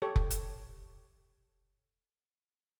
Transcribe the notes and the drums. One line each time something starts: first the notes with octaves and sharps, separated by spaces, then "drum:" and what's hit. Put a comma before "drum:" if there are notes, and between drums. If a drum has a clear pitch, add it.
G4 A4 C#5
drum: kick F1
drum: hi-hat